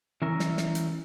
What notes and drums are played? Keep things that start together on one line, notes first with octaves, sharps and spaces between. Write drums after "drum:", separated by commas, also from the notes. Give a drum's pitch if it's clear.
E3 C#4 A#4 E5
drum: snare
drum: snare
drum: hi-hat